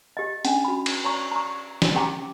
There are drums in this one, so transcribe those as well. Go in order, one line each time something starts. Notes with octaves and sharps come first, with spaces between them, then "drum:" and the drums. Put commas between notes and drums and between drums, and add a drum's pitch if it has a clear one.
G4 D#5
C#4 D4, drum: hi-hat
F#4 B5
drum: cymbal
C#5 A#5 C#6
A#5 C#6
drum: snare
C#4 G4 G5 A#5 D6